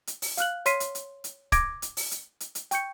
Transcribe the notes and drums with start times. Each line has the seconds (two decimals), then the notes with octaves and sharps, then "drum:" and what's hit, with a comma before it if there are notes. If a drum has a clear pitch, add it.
0.07 drum: hi-hat
0.22 drum: open hi-hat
0.37 F5 F6 F#6 F#7, drum: hi-hat
0.66 C#5 C6 F6 B6 C7 D#7, drum: hi-hat
0.80 drum: hi-hat
0.95 drum: hi-hat
1.24 drum: hi-hat
1.52 D6 G#6 A#6 D7, drum: kick, hi-hat
1.82 drum: hi-hat
1.97 drum: open hi-hat
2.11 drum: hi-hat
2.40 drum: hi-hat
2.55 drum: hi-hat
2.71 G5 C#6 G6 C#7, drum: hi-hat